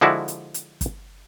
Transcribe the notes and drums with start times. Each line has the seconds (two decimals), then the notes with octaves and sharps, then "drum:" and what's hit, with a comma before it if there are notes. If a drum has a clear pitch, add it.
0.01 D3 F3 G#3 E4 F#4 D5
0.28 drum: hi-hat
0.54 drum: hi-hat
0.81 drum: kick, hi-hat